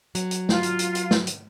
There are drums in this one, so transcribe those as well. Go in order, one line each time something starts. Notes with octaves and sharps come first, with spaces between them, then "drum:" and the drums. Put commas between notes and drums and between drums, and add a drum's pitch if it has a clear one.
F#3, drum: hi-hat
drum: hi-hat
F4, drum: snare
drum: hi-hat
drum: hi-hat
drum: hi-hat
drum: snare
drum: hi-hat